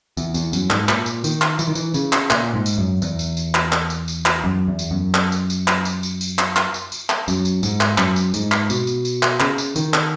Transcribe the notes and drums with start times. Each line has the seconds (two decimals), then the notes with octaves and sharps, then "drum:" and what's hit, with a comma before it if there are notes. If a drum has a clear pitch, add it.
0.17 E2, drum: tambourine
0.34 E2, drum: tambourine
0.53 F#2, drum: tambourine
0.70 G#2, drum: clap
0.89 A#2, drum: clap
1.06 drum: tambourine
1.24 D#3, drum: tambourine
1.42 drum: clap
1.59 E3, drum: tambourine
1.68 D#3
1.75 E3, drum: tambourine
1.94 C#3, drum: tambourine
2.13 drum: clap
2.30 A#2, drum: clap
2.54 G#2
2.66 drum: tambourine
2.78 F#2
3.02 E2, drum: tambourine
3.19 drum: tambourine
3.37 drum: tambourine
3.55 drum: clap
3.72 drum: clap
3.90 drum: tambourine
4.08 drum: tambourine
4.26 drum: clap
4.44 F#2
4.67 E2
4.79 drum: tambourine
4.91 F#2
5.14 drum: clap
5.32 drum: tambourine
5.50 drum: tambourine
5.68 drum: clap
5.85 drum: tambourine
6.03 drum: tambourine
6.21 drum: tambourine
6.39 drum: clap
6.56 drum: clap
6.74 drum: tambourine
6.92 drum: tambourine
7.10 drum: clap
7.28 F#2, drum: tambourine
7.45 drum: tambourine
7.63 G#2, drum: tambourine
7.81 drum: clap
7.98 F#2, drum: clap
8.16 drum: tambourine
8.34 G#2, drum: tambourine
8.52 drum: clap
8.70 B2, drum: tambourine
8.87 drum: tambourine
9.05 drum: tambourine
9.23 drum: clap
9.40 C#3, drum: clap
9.58 drum: tambourine
9.76 D#3, drum: tambourine
9.94 drum: clap